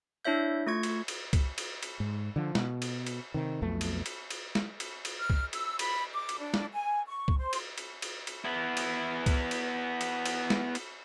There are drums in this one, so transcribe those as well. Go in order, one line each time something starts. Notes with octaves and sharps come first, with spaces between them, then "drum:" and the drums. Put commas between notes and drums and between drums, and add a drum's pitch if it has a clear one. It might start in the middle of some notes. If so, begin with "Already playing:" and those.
D4 E4 C#5 E5 G6
A3 F4 C#6 G#6
drum: cymbal
drum: cymbal
drum: kick C2, cymbal
drum: cymbal
drum: cymbal
G#2
D3 F3
B2, drum: snare
drum: cymbal
drum: cymbal
C3 D#3
B1 F2 B2 A3
drum: cymbal
drum: cymbal
drum: cymbal
drum: snare
drum: cymbal
drum: cymbal
F6
drum: kick C2
E6, drum: cymbal
B5, drum: cymbal
D6
drum: cymbal
D4
drum: snare
G#5
C#6
drum: kick C2
C5
drum: cymbal
drum: cymbal
drum: cymbal
drum: cymbal
B3 E4
drum: cymbal
drum: kick C2, cymbal
drum: cymbal
drum: cymbal
drum: cymbal
drum: snare
drum: cymbal